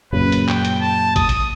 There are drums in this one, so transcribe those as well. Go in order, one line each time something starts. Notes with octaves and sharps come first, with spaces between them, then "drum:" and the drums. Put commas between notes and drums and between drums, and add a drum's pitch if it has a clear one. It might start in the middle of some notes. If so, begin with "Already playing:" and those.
F#2 A#2 C#3 B4
drum: hi-hat
G5, drum: clap
drum: hi-hat
A5
D#6, drum: kick A1, hi-hat
drum: hi-hat